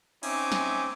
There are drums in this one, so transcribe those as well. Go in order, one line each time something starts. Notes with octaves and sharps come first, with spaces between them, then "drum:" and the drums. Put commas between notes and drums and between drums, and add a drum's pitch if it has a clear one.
C4 C#4 D#4 E5 G#5 D6, drum: cymbal
drum: snare